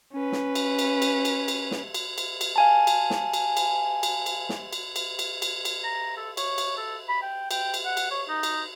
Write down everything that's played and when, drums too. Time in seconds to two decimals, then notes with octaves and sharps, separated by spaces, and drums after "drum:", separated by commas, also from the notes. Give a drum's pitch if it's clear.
0.13 C#4 B4
0.32 drum: snare
0.55 drum: cymbal
0.79 drum: cymbal
1.02 drum: cymbal
1.25 drum: cymbal
1.48 drum: cymbal
1.71 drum: snare
1.94 drum: cymbal
2.18 drum: cymbal
2.41 drum: cymbal
2.56 F5 G#5 A5
2.87 drum: cymbal
3.10 drum: snare
3.33 drum: cymbal
3.57 drum: cymbal
4.03 drum: cymbal
4.26 drum: cymbal
4.49 drum: snare
4.73 drum: cymbal
4.96 drum: cymbal
5.19 drum: cymbal
5.42 drum: cymbal
5.65 drum: cymbal
5.84 A#5
6.17 A4
6.37 C#5, drum: cymbal
6.58 drum: cymbal
6.77 A4
7.09 B5
7.23 G5
7.51 G5, drum: cymbal
7.74 drum: cymbal
7.85 F#5
7.97 drum: cymbal
8.11 C#5
8.29 D#4
8.43 drum: cymbal